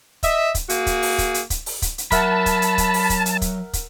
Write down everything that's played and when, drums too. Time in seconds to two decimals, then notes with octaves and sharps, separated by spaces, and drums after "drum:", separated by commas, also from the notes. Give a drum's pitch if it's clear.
0.23 D#5 E5, drum: kick, hi-hat
0.55 drum: kick, hi-hat
0.69 A#3 F#4 G#4, drum: hi-hat
0.86 drum: kick, hi-hat
1.02 drum: open hi-hat
1.18 drum: kick, hi-hat
1.34 drum: hi-hat
1.50 drum: kick, hi-hat
1.66 drum: open hi-hat
1.82 drum: kick, hi-hat
1.98 drum: hi-hat
2.11 F#3 A#4 E5 F#5 A5 B5, drum: kick, hi-hat
2.46 drum: kick, hi-hat
2.62 drum: hi-hat
2.78 drum: kick, hi-hat
2.94 drum: open hi-hat
3.10 drum: kick, hi-hat
3.26 drum: hi-hat
3.42 drum: kick, hi-hat
3.73 drum: kick, hi-hat